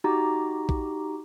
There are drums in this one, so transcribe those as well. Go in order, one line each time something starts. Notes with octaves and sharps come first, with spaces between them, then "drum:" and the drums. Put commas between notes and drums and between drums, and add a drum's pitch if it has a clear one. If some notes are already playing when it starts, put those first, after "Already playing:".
D#4 F#4 G4 A#5 D6
drum: kick A#1